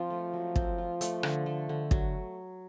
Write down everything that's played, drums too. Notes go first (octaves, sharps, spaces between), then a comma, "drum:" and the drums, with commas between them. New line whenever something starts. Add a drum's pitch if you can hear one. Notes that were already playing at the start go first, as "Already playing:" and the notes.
Already playing: F3 C4 F4
A3
F#3
C4, drum: kick
F4
A3, drum: hi-hat
D3, drum: rim click
A3
D3
F#3, drum: kick